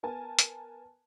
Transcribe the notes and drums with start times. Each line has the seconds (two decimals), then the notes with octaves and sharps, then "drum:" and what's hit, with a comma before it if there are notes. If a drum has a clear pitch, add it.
0.03 B3 A#4 G#5 A5
0.39 drum: hi-hat